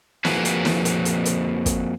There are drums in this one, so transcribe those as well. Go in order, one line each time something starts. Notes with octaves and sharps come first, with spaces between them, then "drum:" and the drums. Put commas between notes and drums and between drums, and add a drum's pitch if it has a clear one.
F2 F3 A#3 F#4 G#4 B4, drum: snare
drum: hi-hat
drum: snare
drum: hi-hat
drum: hi-hat
drum: hi-hat
drum: kick, hi-hat